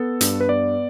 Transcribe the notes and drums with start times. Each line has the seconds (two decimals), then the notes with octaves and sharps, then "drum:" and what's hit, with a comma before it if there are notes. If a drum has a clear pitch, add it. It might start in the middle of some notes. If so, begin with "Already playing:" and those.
Already playing: B3 A4
0.21 G2, drum: hi-hat
0.41 B4
0.49 B3 D5